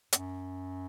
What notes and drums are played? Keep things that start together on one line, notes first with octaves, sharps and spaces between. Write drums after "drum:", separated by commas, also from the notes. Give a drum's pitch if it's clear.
F#2, drum: hi-hat